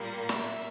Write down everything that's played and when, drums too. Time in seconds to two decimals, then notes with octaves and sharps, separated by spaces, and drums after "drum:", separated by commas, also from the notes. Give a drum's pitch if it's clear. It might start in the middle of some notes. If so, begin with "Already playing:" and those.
Already playing: A#2 G3 A#3
0.29 E5, drum: snare